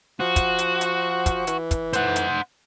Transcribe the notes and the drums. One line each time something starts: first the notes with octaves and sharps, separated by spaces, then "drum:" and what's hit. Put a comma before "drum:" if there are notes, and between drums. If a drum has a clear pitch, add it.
F3 F#4
drum: kick, hi-hat
drum: hi-hat
drum: hi-hat
drum: kick, hi-hat
E3, drum: hi-hat
drum: kick, hi-hat
C5 F#5, drum: hi-hat
drum: hi-hat